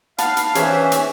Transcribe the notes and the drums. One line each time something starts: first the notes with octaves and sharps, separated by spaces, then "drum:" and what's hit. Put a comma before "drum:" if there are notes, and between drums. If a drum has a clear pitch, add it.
B4 F5 F#5 A5, drum: hi-hat
drum: hi-hat
E3 C#4 D4 G#4 C5 E5, drum: hi-hat
drum: hi-hat